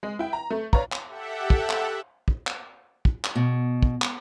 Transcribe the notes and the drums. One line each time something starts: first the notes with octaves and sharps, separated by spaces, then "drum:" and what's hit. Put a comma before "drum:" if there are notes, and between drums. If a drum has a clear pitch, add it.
G#3
E4 G5
A#5
A3
B4 C#5 D5 F5 A#5, drum: kick
drum: clap
G4 A4 E5 F#5
drum: kick
drum: clap
drum: kick
drum: clap
drum: kick
drum: clap
B2
drum: kick
drum: clap